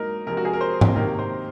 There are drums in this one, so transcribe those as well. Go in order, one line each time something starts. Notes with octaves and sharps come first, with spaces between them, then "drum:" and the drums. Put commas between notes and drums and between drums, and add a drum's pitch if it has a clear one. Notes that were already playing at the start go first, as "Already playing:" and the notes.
Already playing: G#2 F#3 A#3 D#4 A#4
C3 F3 G#3 A#4
F#4
G#4
A#4
C5
drum: tom G#2
C3 D#3 A#3 A#4
C5